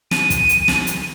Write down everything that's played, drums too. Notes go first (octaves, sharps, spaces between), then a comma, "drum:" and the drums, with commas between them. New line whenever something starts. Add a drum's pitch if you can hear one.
D#7, drum: snare
drum: kick, hi-hat
drum: hi-hat
drum: snare
drum: hi-hat